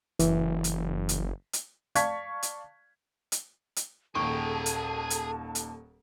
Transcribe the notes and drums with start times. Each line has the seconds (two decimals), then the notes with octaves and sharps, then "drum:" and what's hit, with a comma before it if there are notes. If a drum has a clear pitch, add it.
0.19 F#1 E3, drum: hi-hat
0.64 drum: hi-hat
1.09 drum: hi-hat
1.53 drum: hi-hat
1.95 D5 F5 A5 C#6 G#6 B6, drum: hi-hat
2.43 drum: hi-hat
3.32 drum: hi-hat
3.76 drum: hi-hat
4.15 D#1 D#2 G#4 A4 G5 A5 C#6
4.66 drum: hi-hat
5.10 drum: hi-hat
5.55 drum: hi-hat